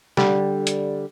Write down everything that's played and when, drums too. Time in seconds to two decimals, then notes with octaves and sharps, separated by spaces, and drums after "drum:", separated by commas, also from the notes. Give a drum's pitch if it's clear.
0.17 D3 G3, drum: snare
0.67 drum: hi-hat